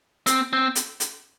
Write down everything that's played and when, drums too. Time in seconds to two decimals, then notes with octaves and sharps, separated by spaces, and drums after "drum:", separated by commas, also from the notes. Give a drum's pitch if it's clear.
0.26 C4, drum: hi-hat
0.53 C4
0.75 drum: hi-hat
1.00 drum: hi-hat